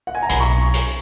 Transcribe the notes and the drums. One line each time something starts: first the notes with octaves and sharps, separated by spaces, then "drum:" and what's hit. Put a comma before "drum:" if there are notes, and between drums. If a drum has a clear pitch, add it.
F#5
G#5
A#5
B1 G#5 B5, drum: hi-hat
A#5 C#6
drum: hi-hat